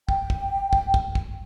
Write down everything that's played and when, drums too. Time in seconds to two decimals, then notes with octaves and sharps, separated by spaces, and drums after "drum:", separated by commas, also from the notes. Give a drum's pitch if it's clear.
0.09 G5, drum: kick
0.30 drum: kick
0.73 drum: kick
0.94 drum: kick
1.15 drum: kick